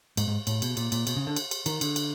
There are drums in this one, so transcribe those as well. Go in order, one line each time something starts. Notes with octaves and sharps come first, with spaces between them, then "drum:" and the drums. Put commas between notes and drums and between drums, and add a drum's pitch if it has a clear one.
G#2, drum: cymbal
G#2
A2, drum: cymbal
B2, drum: cymbal
A#2, drum: cymbal
A#2, drum: cymbal
B2, drum: cymbal
C#3
D3
drum: cymbal
drum: cymbal
D#3, drum: cymbal
D3, drum: cymbal
drum: cymbal